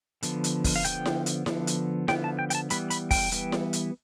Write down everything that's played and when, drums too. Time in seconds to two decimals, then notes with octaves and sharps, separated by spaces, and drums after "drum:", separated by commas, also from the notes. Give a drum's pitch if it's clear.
0.23 D3 F3 B3, drum: hi-hat
0.44 drum: hi-hat
0.64 drum: kick, open hi-hat
0.76 F5
0.85 D3 F3 B3 G5, drum: hi-hat
1.06 drum: snare E4
1.26 drum: hi-hat
1.46 D3 F3 B3, drum: snare E4
1.67 drum: hi-hat
2.08 D3 F3 B3 G5, drum: snare E4
2.24 A5
2.39 G5
2.50 G5, drum: hi-hat
2.55 A5
2.70 E3 G3 B3 B5, drum: hi-hat
2.90 B5, drum: hi-hat
3.11 G5, drum: kick, open hi-hat
3.32 E3 G3 B3, drum: hi-hat
3.52 drum: snare E4
3.73 drum: hi-hat